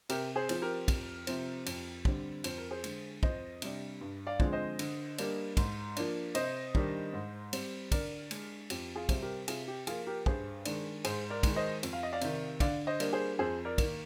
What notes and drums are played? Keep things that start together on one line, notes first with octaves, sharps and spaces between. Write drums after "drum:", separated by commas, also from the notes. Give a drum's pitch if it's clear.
C3 G4 A#4, drum: cymbal
G#4 C5
F3 C4, drum: cymbal
G4 A#4
F2, drum: kick, cymbal
C3 F3 C4, drum: cymbal
F2, drum: cymbal
D3 G3 C4, drum: kick
F2 C5, drum: cymbal
A#4
G#4 C5
D3 G#3, drum: cymbal
F2 C5 D#5, drum: kick
C3 G3 D4, drum: cymbal
G2
D5 F5
D3 F3 G#3 C4, drum: kick
C5 D#5
D3, drum: cymbal
G3 A#3 D4, drum: cymbal
G#2, drum: kick, cymbal
F3 A#3 D4, drum: cymbal
C3 C5 D#5, drum: cymbal
D#3 G3 D4, drum: kick
G#2
G3 C4, drum: cymbal
D3 A#4 D5, drum: kick, cymbal
G#3 D4, drum: cymbal
F2 G4, drum: cymbal
F4 G#4
C3 G3 C4, drum: kick, cymbal
G4 A#4
C3 F4 G#4, drum: cymbal
G4
F3 A#3 F4 G#4, drum: cymbal
G4 A#4
G2 G#4 C5, drum: kick
D#3 G#3 D4, drum: cymbal
G#2 G#4 C5, drum: cymbal
A#4 D5
D#3 G#3, drum: kick, cymbal
C5 D#5
F2, drum: cymbal
F5
D#5
D5 F5
C3 D#3, drum: cymbal
D3 D5 F5, drum: kick, cymbal
C5 D#5
G3 A#3 D4, drum: cymbal
G#4 C5
F2 G#4 C5
A#4 D5
D#3 A#3, drum: kick, cymbal